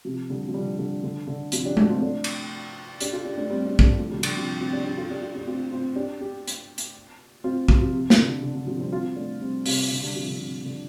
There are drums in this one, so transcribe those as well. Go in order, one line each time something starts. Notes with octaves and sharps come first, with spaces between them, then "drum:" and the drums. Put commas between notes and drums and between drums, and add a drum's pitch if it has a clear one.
C3 F3
D3 G3
F3
D3 G3
D3 G3
D3
D3
C3 F3, drum: hi-hat
D4 G4
A3 D4, drum: tom G#3
C4 F4
A3 D4
drum: cymbal
D4 G4, drum: hi-hat
F4 A4
D4 G4
A3 D4
G3 C4
D4 G4
A4, drum: kick
D4 G4
F3 A3
D3 G3
F3
D3 G3, drum: cymbal
C3 F3
C4 F4
D4 G4
D4 G4
F4 A4
D4 G4
F4 A4
D4 G4
C4 F4
C4 F4
D4 G4
D4 G4
drum: hi-hat
drum: hi-hat
C4 F4
C3 F3, drum: kick
C3 F3
C3
C3, drum: snare
D3
D3
D3
C3 F3
G3 C4
C4 F4
A3 D4
G3 C4
C3, drum: open hi-hat
D3
D3 G3
C3 F3
D3
C3
D3